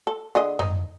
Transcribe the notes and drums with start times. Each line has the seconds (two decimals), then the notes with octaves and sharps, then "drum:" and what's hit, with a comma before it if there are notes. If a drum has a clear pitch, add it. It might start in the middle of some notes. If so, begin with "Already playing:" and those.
0.07 A4
0.35 D3 G#4 D#5
0.59 D#4, drum: tom F#2